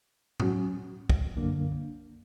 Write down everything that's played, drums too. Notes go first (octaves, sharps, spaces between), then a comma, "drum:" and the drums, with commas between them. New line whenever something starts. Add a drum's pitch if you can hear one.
F#3 C#4 F#4, drum: tom A2
drum: kick
F#2 D3 A#3 D4